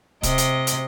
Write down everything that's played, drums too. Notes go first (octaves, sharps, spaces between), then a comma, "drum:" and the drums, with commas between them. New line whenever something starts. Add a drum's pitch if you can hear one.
C3 D#5, drum: kick, hi-hat
drum: hi-hat
drum: hi-hat